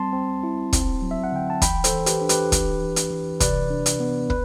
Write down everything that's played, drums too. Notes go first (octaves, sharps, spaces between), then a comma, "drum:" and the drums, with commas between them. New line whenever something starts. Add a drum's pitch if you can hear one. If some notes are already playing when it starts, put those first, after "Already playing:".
Already playing: G3 C4 A5 C6
C4
E4
C4, drum: kick, hi-hat
F#3
E5
F#5
D3 G5
A5
E3 G5 B5, drum: kick, hi-hat
A4 C5, drum: hi-hat
E3
G4 B4, drum: hi-hat
D4
G4 B4, drum: hi-hat
E3, drum: kick, hi-hat
E3
drum: hi-hat
E3
C3 B4 D5, drum: kick, hi-hat
D4
drum: hi-hat
B3
B4, drum: kick